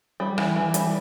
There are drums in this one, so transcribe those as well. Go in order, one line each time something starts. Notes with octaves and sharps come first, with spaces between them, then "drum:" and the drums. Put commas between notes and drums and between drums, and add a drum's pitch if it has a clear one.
G3
E3, drum: rim click
E3
G3, drum: hi-hat